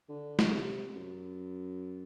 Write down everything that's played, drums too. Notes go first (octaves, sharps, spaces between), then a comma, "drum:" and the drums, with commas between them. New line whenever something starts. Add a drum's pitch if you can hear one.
D3
drum: snare
C3
F#2